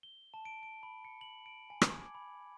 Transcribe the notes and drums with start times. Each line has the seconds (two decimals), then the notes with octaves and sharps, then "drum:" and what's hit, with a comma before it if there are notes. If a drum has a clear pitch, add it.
0.03 G7
0.34 A5
0.45 D7
0.63 D7
0.83 B5
1.05 C#7
1.21 F#7
1.46 D7
1.70 G#5
1.82 G#6, drum: rim click
2.02 D6
2.15 B5